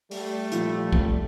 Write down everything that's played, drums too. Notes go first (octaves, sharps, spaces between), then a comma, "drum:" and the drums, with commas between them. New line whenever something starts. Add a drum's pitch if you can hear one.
G3 A3, drum: open hi-hat
A#2 F3 F4, drum: hi-hat
drum: kick